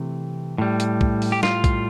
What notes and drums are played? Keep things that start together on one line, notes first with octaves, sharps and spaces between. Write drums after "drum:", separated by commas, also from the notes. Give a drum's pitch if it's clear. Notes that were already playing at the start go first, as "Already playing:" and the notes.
Already playing: C3 E3 A3
A2 G3
drum: hi-hat
drum: kick A#1
drum: open hi-hat
G4
F4, drum: snare
drum: kick A#1, hi-hat